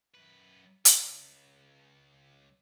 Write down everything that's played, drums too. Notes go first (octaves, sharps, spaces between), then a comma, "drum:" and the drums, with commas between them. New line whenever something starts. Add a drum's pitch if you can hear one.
F#2 B4
C#2, drum: hi-hat